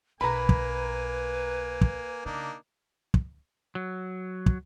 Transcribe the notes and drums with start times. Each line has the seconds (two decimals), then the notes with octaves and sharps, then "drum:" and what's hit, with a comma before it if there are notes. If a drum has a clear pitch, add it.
0.21 B1 A#3 B4 G#5 A#5 B5
0.49 drum: kick
1.81 drum: kick
2.26 C#3 A#3 D4 D#4
3.14 drum: kick
3.75 F#3
4.46 drum: kick